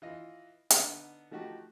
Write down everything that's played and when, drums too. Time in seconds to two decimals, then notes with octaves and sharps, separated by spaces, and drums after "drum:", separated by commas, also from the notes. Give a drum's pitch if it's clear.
0.02 E3 F4 D#5
0.70 D3 B3 D#4 F6, drum: hi-hat
1.31 F3 A3 D#4 F#4 G4